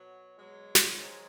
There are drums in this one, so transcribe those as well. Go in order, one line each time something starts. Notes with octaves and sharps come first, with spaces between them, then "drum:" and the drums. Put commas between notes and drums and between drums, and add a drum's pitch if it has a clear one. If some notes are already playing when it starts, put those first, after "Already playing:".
Already playing: B2 F#3
B2 F#3 G#3
drum: snare
G#2 D#3 F#3